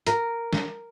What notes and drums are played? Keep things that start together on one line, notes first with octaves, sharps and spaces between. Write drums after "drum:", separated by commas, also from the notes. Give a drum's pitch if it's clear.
A#4, drum: hi-hat
drum: snare